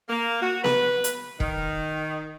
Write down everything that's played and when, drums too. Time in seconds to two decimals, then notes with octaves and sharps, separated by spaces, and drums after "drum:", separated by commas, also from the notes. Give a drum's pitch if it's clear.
0.09 A#3
0.42 F#4
0.64 B4, drum: snare B3
1.04 drum: hi-hat
1.40 D#3, drum: kick E1